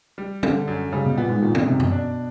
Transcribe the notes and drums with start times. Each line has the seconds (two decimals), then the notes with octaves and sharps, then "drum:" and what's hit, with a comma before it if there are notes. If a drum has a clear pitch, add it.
0.18 G3
0.43 D3 G3, drum: tom
0.68 F#2
0.92 C#3 G3
1.05 B2
1.17 A#2 B3
1.29 G#2
1.42 A#2 D#3
1.55 B2, drum: tom
1.66 F#2 C3
1.80 B2, drum: tom F#2
1.92 D4